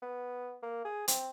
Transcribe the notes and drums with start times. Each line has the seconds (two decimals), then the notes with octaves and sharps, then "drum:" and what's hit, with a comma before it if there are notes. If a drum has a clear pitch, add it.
0.02 B3
0.63 A#3
0.85 G#4
1.08 C4, drum: hi-hat